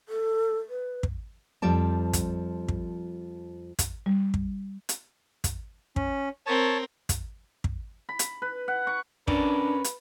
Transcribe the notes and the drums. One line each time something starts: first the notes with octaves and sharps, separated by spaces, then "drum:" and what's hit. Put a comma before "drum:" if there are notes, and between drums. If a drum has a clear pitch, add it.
A4
B4
drum: kick
F2 F3 G3 D5 A5
drum: kick, hi-hat
drum: kick
drum: kick, hi-hat
G3
drum: kick
drum: hi-hat
drum: kick, hi-hat
C#4, drum: kick
C4 A#4 C#5 A5
drum: kick, hi-hat
drum: kick
B5
drum: hi-hat
B4
F#5
C#6
C#4 D4 A#4 B4 D5, drum: kick
drum: hi-hat